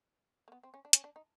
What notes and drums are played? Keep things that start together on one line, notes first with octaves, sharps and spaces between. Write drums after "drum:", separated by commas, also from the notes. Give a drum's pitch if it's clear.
A#3
B3
C4
C#4
D4
C#4, drum: hi-hat
D4
D#4